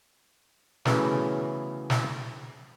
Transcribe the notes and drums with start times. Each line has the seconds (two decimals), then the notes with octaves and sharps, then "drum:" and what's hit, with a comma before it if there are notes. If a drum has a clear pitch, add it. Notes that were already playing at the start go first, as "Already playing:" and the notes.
0.85 C#3 E3 F#3 A3 B3 C#4, drum: snare
1.90 drum: snare